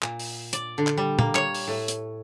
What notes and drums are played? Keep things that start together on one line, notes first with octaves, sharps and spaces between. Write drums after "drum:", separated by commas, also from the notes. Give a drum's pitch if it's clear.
A#2, drum: clap
drum: open hi-hat
D5, drum: hi-hat
D3
drum: clap
G3
A#3, drum: tom
C#5, drum: clap
drum: open hi-hat
A2
drum: hi-hat